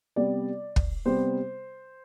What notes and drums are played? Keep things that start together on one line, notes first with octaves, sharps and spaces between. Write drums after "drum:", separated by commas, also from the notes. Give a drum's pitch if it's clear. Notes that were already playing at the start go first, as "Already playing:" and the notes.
C3 G3 B3 D5
drum: kick
C3 G3 B3 C5